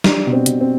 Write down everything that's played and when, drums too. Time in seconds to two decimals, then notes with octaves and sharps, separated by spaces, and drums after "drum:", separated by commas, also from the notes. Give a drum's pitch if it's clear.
0.04 G3 D4, drum: snare
0.26 B2
0.33 C4
0.46 B2, drum: hi-hat
0.61 C4